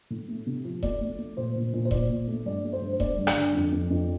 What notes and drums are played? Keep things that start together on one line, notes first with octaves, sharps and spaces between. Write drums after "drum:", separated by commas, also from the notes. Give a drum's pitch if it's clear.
A2
A3
C3
F3
A3 D5, drum: kick E1
A3
A3
A#2 C5
A#2
A#2
C5
A#2 D5, drum: kick E1
A#2
A3
G2 D5
A3
C5
G2
C5
A3 D5, drum: kick E1
G2
D5, drum: rim click
D3
F2
F2
F2